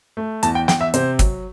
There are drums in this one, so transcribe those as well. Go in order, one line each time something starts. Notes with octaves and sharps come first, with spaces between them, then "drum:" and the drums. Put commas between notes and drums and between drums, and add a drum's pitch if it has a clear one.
A3
E2 A5, drum: hi-hat
G5
E2 G5, drum: snare
E5
C3 C5, drum: hi-hat
F#3, drum: kick, hi-hat